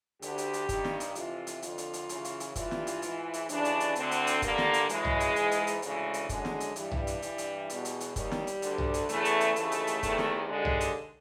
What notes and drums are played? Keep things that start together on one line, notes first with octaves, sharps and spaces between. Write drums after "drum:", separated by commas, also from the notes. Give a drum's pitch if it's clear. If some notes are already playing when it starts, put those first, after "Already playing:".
D2 D3 G4, drum: hi-hat
drum: hi-hat
drum: hi-hat
G2 D#3, drum: kick, hi-hat
drum: snare
drum: hi-hat
F2 C3 E3 F4, drum: hi-hat
drum: hi-hat
F2 D3 F4, drum: hi-hat
drum: hi-hat
drum: hi-hat
F#2 C#3 E3, drum: hi-hat
drum: hi-hat
drum: hi-hat
G2 E3 F4, drum: kick, hi-hat
drum: snare
drum: hi-hat
G#2 E3, drum: hi-hat
drum: hi-hat
D#2 C#3 E3 D4, drum: hi-hat
drum: hi-hat
drum: hi-hat
D2 D3 C4, drum: hi-hat
drum: hi-hat
drum: hi-hat
G2 D3 A#3, drum: kick, hi-hat
drum: snare
drum: hi-hat
F#2 C#3 E3 G#3, drum: hi-hat
drum: tom
drum: hi-hat
G#2 E3, drum: hi-hat
drum: hi-hat
drum: hi-hat
D2 C#3 E3 G#3, drum: hi-hat
drum: hi-hat
F#2 D3 G#3, drum: kick, hi-hat
drum: snare
drum: hi-hat
G2 E3 G3, drum: hi-hat
drum: tom
drum: hi-hat
G2 E3, drum: hi-hat
drum: hi-hat
E2 B2, drum: hi-hat
drum: hi-hat
drum: hi-hat
D#2 D#3 G3, drum: kick, hi-hat
drum: snare
drum: hi-hat
D2 D3, drum: hi-hat
drum: tom
drum: hi-hat
E2 C#3 E3 A3, drum: hi-hat
drum: hi-hat
drum: hi-hat
D#2 C#3 E3 A3, drum: hi-hat
drum: hi-hat
drum: hi-hat
E2 C3 D#3, drum: kick, hi-hat
drum: snare
D#2 D3 G#3
drum: tom
drum: hi-hat